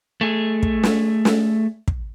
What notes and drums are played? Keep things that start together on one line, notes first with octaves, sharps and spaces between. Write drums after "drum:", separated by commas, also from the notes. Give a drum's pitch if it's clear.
A3 G#4
drum: kick
drum: snare
drum: snare
drum: kick